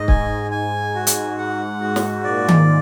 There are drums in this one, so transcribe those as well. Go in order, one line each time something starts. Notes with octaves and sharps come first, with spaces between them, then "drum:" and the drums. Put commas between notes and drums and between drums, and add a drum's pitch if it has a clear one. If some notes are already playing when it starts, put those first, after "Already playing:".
Already playing: G#2 D#5
G#5, drum: kick
G#5
G#2 F#4
drum: hi-hat
F#5
G#2 F#4
drum: snare
A#2 D5
drum: tom D#3